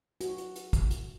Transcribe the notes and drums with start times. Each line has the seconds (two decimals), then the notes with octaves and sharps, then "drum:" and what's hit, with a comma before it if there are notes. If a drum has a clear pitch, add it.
0.21 F#4, drum: hi-hat
0.38 drum: hi-hat
0.56 drum: hi-hat
0.73 drum: kick, hi-hat
0.91 drum: hi-hat